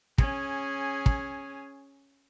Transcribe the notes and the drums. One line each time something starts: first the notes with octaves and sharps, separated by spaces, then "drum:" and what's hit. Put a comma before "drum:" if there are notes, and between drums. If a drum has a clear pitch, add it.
C#4 G#4, drum: kick
drum: kick